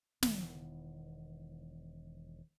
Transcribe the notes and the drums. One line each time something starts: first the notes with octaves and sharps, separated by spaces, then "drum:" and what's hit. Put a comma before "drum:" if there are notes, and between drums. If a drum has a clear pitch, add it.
E1 D#3 E3 B3, drum: snare